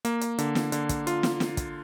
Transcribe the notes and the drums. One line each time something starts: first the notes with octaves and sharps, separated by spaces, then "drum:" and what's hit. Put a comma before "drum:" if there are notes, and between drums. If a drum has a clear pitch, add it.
A#3, drum: hi-hat
drum: hi-hat
D3, drum: hi-hat
drum: snare
D3, drum: hi-hat
drum: kick, hi-hat
F4, drum: hi-hat
drum: snare
drum: snare
drum: kick, hi-hat